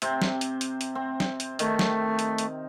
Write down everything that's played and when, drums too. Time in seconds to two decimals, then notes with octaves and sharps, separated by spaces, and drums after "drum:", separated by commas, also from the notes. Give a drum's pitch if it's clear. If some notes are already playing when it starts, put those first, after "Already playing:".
0.02 C3 C4, drum: hi-hat
0.22 drum: snare
0.41 drum: hi-hat
0.61 drum: hi-hat
0.81 drum: hi-hat
0.95 C4
1.20 drum: snare
1.40 drum: hi-hat
1.59 D#3 A3, drum: hi-hat
1.79 drum: snare
2.19 drum: hi-hat
2.38 drum: hi-hat